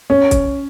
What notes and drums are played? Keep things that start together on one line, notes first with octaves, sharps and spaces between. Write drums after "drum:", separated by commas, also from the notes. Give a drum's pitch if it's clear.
C#4
drum: kick, hi-hat